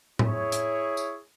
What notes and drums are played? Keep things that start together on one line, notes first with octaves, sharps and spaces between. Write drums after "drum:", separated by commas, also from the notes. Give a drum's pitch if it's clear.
E4 G#4 C#5, drum: tom A2
drum: hi-hat
drum: tambourine